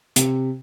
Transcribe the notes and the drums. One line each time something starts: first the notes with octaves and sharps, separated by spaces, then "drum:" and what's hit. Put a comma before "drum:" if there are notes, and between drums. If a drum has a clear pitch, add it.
C3, drum: hi-hat